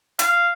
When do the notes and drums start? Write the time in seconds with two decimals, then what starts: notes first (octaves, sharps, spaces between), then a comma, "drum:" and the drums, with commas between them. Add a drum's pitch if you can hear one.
0.19 F5, drum: hi-hat